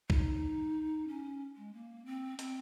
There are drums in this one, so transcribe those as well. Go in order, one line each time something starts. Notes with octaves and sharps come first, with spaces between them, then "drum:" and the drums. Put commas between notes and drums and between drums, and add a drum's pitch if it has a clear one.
D#4, drum: kick
C#4
G#3
A#3
C4
C4, drum: hi-hat